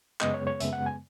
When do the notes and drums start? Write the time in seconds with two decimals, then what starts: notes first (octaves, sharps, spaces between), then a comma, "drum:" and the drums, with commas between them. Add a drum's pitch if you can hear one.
0.21 F#2 C#3 G#3 B3 D#5, drum: clap
0.34 C#5
0.47 C#5
0.60 F#2 C#3 G#3 B3 E5, drum: hi-hat
0.73 F#5
0.86 G#5